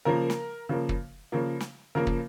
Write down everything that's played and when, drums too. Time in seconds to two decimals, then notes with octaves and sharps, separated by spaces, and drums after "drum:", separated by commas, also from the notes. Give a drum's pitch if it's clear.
0.05 C#3 F3 A#3 A#4
0.30 drum: snare
0.69 C#3 F3 A#3
0.89 drum: kick
1.32 C#3 F3 A#3
1.61 drum: snare
1.95 C#3 F3 A#3 A#4
2.07 drum: kick